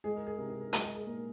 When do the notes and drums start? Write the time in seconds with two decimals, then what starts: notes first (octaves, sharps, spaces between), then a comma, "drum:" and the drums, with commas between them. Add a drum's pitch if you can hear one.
0.04 G#3 G#4
0.16 A#4
0.27 G#4
0.38 C3 A#4
0.50 G#4
0.61 A#4
0.73 G#3 G#4, drum: hi-hat
0.84 A#4
0.96 G#4
1.07 A#2 A#4